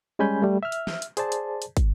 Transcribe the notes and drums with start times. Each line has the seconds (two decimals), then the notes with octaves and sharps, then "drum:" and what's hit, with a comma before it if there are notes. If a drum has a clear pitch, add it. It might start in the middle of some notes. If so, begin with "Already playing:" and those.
0.19 G3 G#3 C#4 G#5 B5 G6
0.42 G3 A3
0.63 E5 F6
0.72 drum: hi-hat
0.87 drum: snare
1.02 drum: hi-hat
1.17 G#4 C5 D5 A5, drum: hi-hat
1.32 drum: hi-hat
1.62 drum: hi-hat
1.77 drum: kick, hi-hat